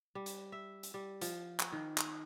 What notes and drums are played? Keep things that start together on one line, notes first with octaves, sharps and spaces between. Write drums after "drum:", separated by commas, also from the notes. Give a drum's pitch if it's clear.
G3
drum: hi-hat
E5
drum: hi-hat
G3
F3, drum: hi-hat
drum: clap
D#3
drum: clap